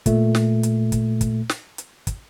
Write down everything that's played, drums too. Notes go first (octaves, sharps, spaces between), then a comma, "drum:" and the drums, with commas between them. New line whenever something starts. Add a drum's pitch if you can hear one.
A#2 A3, drum: kick, hi-hat
drum: snare
drum: hi-hat
drum: kick, hi-hat
drum: kick, hi-hat
drum: snare
drum: hi-hat
drum: kick, hi-hat